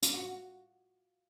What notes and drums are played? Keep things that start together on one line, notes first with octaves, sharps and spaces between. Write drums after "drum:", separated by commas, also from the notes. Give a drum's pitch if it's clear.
F4, drum: hi-hat
F#4